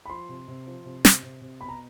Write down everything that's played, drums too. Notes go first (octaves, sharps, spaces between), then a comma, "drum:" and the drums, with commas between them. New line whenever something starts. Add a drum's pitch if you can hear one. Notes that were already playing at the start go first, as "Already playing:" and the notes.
B5
F3 C6
C3
C3
F3
C3
C3, drum: snare
C3
C3
B2 B5
A#5